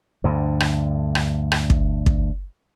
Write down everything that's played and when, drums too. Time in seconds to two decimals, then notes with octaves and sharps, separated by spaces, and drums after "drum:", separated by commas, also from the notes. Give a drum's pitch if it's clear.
0.24 D2 G2 D3
0.60 drum: rim click
1.15 drum: rim click
1.52 drum: rim click
1.70 drum: kick
2.06 drum: kick